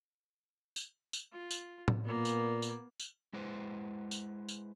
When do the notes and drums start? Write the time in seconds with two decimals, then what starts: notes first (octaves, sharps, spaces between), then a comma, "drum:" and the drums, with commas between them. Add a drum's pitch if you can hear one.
0.76 drum: tambourine
1.13 drum: tambourine
1.32 F4
1.51 drum: tambourine
1.88 drum: tom A2
2.05 A#2 A#3 B3
2.25 drum: tambourine
2.62 drum: tambourine
3.00 drum: tambourine
3.33 G#3 E4 B4 C5
4.11 drum: tambourine
4.49 drum: tambourine